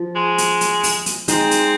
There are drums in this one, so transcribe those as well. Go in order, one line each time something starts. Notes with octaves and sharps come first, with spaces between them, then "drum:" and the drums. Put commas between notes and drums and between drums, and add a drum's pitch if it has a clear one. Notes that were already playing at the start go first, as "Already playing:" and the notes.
Already playing: F3
G#3
drum: hi-hat
drum: hi-hat
drum: open hi-hat
drum: hi-hat
G#3 C4 D#4 G#4, drum: hi-hat
drum: hi-hat